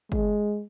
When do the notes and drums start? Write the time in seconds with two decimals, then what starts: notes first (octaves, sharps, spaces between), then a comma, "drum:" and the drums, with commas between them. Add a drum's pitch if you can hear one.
0.12 G#3, drum: kick